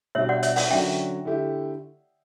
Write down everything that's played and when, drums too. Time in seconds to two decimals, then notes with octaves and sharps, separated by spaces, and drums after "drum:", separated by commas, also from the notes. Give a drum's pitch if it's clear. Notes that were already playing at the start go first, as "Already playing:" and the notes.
0.15 B2 G3 D4 G4 C#5 E5
0.29 D5 F#5
0.43 C#5 E5, drum: hi-hat
0.56 D5 F#5, drum: open hi-hat
0.70 D3 F#3 C#4 E5 G5
1.25 D3 A3 E4 G4